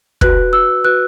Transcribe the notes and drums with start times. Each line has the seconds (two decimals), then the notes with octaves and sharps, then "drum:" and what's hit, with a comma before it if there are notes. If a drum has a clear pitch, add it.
0.21 F#4 B4 F#6, drum: kick
0.53 E6
0.85 F#4 B4 F#6